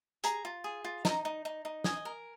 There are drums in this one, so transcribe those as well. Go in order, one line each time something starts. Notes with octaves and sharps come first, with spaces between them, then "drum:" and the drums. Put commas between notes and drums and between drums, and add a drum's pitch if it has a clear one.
G#4 A#5, drum: hi-hat
F4
G#4
F4
D#4 A#5, drum: snare
D#4
D#4
D#4
D#5 G#5, drum: snare
A#4